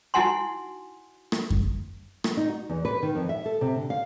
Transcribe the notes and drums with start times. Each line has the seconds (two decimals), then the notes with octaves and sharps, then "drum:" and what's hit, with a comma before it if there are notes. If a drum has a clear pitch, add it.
0.14 D#4 E4 F#4 F#5 G#5 C6
1.32 drum: rim click
1.50 drum: kick F#2
2.24 drum: rim click
2.37 D#4
2.49 F#4
2.69 E2
2.85 B4
3.03 D#3
3.15 F2
3.29 E5
3.46 A4
3.61 C3
3.76 D3
3.90 F5